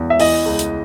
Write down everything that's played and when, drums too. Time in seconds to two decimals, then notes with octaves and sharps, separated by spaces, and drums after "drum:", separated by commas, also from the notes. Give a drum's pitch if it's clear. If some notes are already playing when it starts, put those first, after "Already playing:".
Already playing: E2
0.10 E5
0.20 E3 D#5, drum: open hi-hat
0.46 C#2
0.59 drum: hi-hat